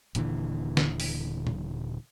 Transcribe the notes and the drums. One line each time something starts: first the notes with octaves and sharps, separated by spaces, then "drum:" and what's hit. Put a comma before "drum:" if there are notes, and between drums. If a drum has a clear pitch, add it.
D#1 A#2 D3 E3, drum: hi-hat
drum: snare
drum: open hi-hat
drum: tom A#2